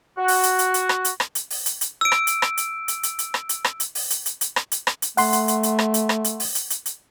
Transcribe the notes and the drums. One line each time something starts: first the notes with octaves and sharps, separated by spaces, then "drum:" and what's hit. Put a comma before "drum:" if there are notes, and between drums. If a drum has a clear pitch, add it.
F#4
drum: open hi-hat
drum: hi-hat
drum: hi-hat
drum: hi-hat
drum: rim click
drum: hi-hat
drum: rim click
drum: hi-hat
drum: open hi-hat
drum: hi-hat
drum: hi-hat
E6 D7
drum: rim click
drum: hi-hat
drum: rim click
drum: hi-hat
drum: hi-hat
drum: hi-hat
drum: hi-hat
drum: rim click
drum: hi-hat
drum: rim click
drum: hi-hat
drum: open hi-hat
drum: hi-hat
drum: hi-hat
drum: hi-hat
drum: rim click
drum: hi-hat
drum: rim click
drum: hi-hat
A3 F#5 C6, drum: open hi-hat
drum: hi-hat
drum: hi-hat
drum: hi-hat
drum: rim click
drum: hi-hat
drum: rim click
drum: hi-hat
drum: open hi-hat
drum: hi-hat
drum: hi-hat
drum: hi-hat